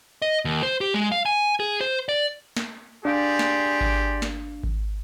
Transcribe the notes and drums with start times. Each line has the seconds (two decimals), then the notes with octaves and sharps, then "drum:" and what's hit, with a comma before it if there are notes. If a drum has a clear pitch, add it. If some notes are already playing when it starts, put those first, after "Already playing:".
0.22 D#5
0.45 D#2
0.63 C5
0.81 G4
0.94 G#3
1.12 F5
1.26 G#5
1.60 G#4
1.81 C5
2.09 D5
2.57 drum: snare
3.05 D4 G4 G#4 D5 F5 C6 G6
3.39 drum: snare
3.81 drum: kick G#1
4.22 drum: snare
4.64 drum: kick G#1